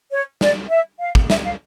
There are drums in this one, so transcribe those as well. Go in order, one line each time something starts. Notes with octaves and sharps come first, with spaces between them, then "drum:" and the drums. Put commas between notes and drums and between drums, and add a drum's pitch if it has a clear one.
C#5
D5, drum: snare
E5
F5
drum: kick
E5, drum: snare
F5